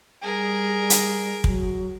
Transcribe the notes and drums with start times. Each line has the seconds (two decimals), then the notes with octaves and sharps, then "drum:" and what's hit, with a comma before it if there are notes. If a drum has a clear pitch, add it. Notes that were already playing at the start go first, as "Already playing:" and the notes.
0.23 G3 G#4 A#4
0.90 drum: hi-hat
1.44 F#3, drum: kick